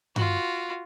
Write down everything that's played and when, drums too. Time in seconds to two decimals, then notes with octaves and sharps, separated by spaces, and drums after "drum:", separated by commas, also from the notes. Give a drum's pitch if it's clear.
0.16 F4 F#4, drum: tom G2